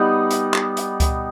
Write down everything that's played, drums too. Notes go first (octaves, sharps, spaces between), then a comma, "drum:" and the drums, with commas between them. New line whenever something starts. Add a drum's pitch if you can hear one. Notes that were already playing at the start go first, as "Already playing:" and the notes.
Already playing: G3 B3 D#4
drum: hi-hat
drum: clap
drum: hi-hat
drum: kick C#2, hi-hat